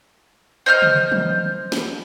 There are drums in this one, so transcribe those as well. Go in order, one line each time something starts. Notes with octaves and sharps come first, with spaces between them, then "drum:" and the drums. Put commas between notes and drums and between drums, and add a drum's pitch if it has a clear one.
C5 D#5 F6 G6
drum: tom
drum: tom
drum: snare